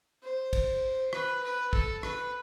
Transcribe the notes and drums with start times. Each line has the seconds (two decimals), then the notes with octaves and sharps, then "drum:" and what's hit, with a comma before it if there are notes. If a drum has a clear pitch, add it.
0.23 C5
0.53 drum: kick, cymbal
1.13 B4, drum: rim click
1.43 B4
1.73 A4, drum: kick
2.03 B4, drum: rim click